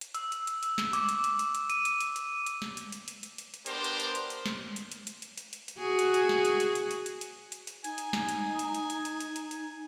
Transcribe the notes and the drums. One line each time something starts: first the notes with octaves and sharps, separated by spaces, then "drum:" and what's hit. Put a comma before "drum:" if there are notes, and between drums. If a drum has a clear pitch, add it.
drum: hi-hat
E6, drum: hi-hat
drum: hi-hat
drum: hi-hat
drum: hi-hat
drum: snare
D6, drum: hi-hat
drum: hi-hat
drum: hi-hat
drum: hi-hat
drum: hi-hat
D#7, drum: hi-hat
drum: hi-hat
drum: hi-hat
drum: hi-hat
drum: hi-hat
drum: snare
drum: hi-hat
drum: hi-hat
drum: hi-hat
drum: hi-hat
drum: hi-hat
drum: hi-hat
B3 D4 G4 A#4 C5, drum: hi-hat
drum: hi-hat
drum: hi-hat
drum: hi-hat
drum: hi-hat
drum: snare
drum: hi-hat
drum: hi-hat
drum: hi-hat
drum: hi-hat
drum: hi-hat
drum: hi-hat
drum: hi-hat
F#4 G#4
drum: hi-hat
drum: hi-hat
drum: snare
drum: hi-hat
drum: hi-hat
drum: hi-hat
drum: hi-hat
drum: hi-hat
drum: hi-hat
drum: hi-hat
drum: hi-hat
D#4 G#5, drum: hi-hat
drum: hi-hat
drum: snare
drum: hi-hat
drum: hi-hat
drum: hi-hat
drum: hi-hat
drum: hi-hat
drum: hi-hat
drum: hi-hat
drum: hi-hat